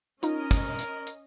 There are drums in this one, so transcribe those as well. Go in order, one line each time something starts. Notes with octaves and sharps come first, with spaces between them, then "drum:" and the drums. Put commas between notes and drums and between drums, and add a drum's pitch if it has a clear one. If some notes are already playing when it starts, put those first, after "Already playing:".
C#4 D#4 F4 A#4 D#5, drum: hi-hat
drum: kick, hi-hat
drum: hi-hat
drum: hi-hat